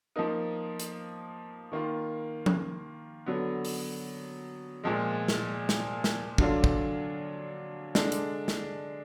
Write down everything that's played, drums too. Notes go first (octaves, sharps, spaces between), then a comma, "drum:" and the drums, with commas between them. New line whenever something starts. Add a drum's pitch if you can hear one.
F3 A#3 D#4
drum: hi-hat
D#3 A#3 F4
drum: tom F3
D3 F#3 B3
drum: open hi-hat
A#2 F3 G#3
drum: snare
drum: snare
drum: snare
D3 F#3 D4 F4, drum: kick
drum: kick
D3 G#3 D4, drum: snare
drum: hi-hat
drum: snare